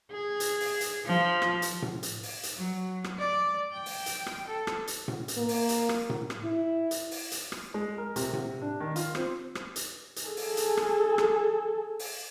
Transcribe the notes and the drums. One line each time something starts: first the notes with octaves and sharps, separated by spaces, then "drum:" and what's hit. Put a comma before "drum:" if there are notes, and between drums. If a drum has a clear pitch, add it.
G#4
drum: hi-hat
drum: open hi-hat
drum: hi-hat
F3
drum: rim click
drum: hi-hat
drum: tom A2
drum: hi-hat
drum: open hi-hat
drum: hi-hat
F#3
drum: rim click
D5
G5
drum: open hi-hat
drum: hi-hat
drum: rim click
A4
drum: rim click
drum: hi-hat
drum: tom A2
drum: hi-hat
A#3
drum: open hi-hat
drum: hi-hat
drum: rim click
drum: tom A2
drum: rim click
E4
drum: hi-hat
drum: open hi-hat
drum: hi-hat
drum: rim click
G#3
A#4
C3, drum: hi-hat
drum: tom A2
D4
D#3
F4, drum: hi-hat
C4, drum: rim click
drum: rim click
drum: hi-hat
drum: hi-hat
G#4 A4
drum: open hi-hat
drum: hi-hat
drum: rim click
drum: rim click
drum: open hi-hat